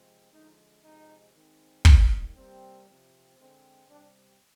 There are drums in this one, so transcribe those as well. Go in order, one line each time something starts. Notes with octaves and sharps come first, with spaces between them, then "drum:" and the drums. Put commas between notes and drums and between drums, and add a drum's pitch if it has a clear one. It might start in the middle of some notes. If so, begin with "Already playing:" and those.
Already playing: C3 F3 G#3 C4
D3 F3 G#3 D#4
C3 F3 G#3 C4 D#4
D#3 G#3 C4
D#3 G3 A#3 D4, drum: kick
C3 G3 A#3 C4
C3 F3 C4
D3 G#3 C4
C3 G3 C4 D4